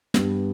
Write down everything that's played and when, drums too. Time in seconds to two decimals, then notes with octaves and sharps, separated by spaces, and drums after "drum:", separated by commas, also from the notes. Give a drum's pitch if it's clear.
0.14 G2 G3 B3, drum: snare